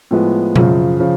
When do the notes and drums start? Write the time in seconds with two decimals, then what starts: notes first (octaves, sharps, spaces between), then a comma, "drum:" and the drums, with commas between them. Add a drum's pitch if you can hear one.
0.11 A2 F3 G#3 B3
0.56 F#2 C#3 F3, drum: tom B2
1.00 C#3 F3